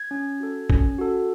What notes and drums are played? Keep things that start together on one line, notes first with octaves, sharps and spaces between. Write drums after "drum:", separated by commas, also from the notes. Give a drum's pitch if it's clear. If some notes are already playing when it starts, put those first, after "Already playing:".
Already playing: G#6
C#4
F#4 A4
C#4, drum: kick
F#4 A4